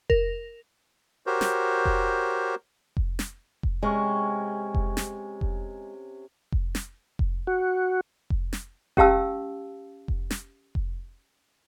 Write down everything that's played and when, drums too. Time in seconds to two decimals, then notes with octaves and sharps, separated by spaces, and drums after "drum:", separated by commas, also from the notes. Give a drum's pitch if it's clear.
0.10 A#4, drum: kick F1
1.26 F#4 G4 A#4 C5 C#5
1.41 drum: snare
1.85 drum: kick F1
2.97 drum: kick F1
3.19 drum: snare
3.63 drum: kick F1
3.83 C3 G#3 C#4 C#6
4.74 drum: kick F1
4.97 drum: snare
5.41 drum: kick F1
6.52 drum: kick F1
6.75 drum: snare
7.19 drum: kick F1
7.47 F#4
8.30 drum: kick F1
8.53 drum: snare
8.97 C#4 G4 F5 A5 E6, drum: kick F1
10.08 drum: kick F1
10.30 drum: snare
10.75 drum: kick F1